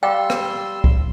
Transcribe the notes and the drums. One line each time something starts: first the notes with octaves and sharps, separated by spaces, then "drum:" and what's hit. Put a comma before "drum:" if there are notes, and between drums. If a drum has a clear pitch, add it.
G3 D5 F5 G5 C6 D6 E6
drum: rim click
drum: kick